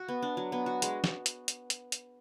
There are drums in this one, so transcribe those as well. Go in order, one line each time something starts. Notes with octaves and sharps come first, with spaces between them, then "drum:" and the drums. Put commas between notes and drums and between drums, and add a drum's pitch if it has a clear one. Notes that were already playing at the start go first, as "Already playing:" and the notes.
Already playing: F#4
B3
D4
F#3
B3
F#4
G#3, drum: hi-hat
drum: snare
drum: hi-hat
drum: hi-hat
drum: hi-hat
drum: hi-hat